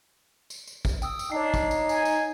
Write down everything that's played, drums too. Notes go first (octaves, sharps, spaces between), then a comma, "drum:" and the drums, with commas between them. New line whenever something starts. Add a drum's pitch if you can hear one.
drum: tambourine
drum: tambourine
drum: kick, tambourine
G5 D#6 E6, drum: tambourine
drum: tambourine
D4 D#4 C#5 C7
drum: kick, tambourine
drum: tambourine
G#5, drum: tambourine
drum: tambourine